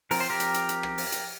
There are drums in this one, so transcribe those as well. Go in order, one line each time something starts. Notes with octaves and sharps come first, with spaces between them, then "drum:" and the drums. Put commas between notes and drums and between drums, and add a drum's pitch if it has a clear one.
F3 C4 F4 A#4, drum: open hi-hat
C5
G4 A#4
drum: hi-hat
drum: hi-hat
drum: hi-hat
drum: rim click
drum: open hi-hat
drum: hi-hat